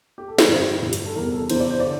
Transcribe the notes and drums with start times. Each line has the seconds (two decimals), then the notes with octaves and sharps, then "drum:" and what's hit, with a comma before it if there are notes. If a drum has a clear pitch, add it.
0.18 G4
0.28 A4
0.38 A#4, drum: snare
0.48 G2 E3 C5
0.82 G2 E3
0.93 drum: hi-hat
1.06 A4
1.16 E2 C3 E3 A#4
1.33 A4
1.50 E2 C3 E3 C5, drum: cymbal
1.60 D5
1.70 C5
1.80 D3 D5